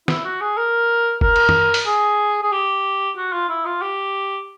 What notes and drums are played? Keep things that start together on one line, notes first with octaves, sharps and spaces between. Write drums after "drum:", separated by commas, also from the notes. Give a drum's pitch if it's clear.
E4, drum: snare
F#4
G#4
A#4
A#4, drum: kick
drum: cymbal
drum: tom F#2
drum: open hi-hat
G#4
G#4
G4
F#4
F4
E4
F4
G4